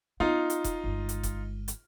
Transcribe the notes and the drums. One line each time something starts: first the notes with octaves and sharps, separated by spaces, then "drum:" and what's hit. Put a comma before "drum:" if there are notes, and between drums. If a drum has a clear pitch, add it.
B3 C4 D#4 F4
drum: hi-hat
drum: kick E1, hi-hat
G1 G#3
drum: hi-hat
drum: kick E1, hi-hat
drum: hi-hat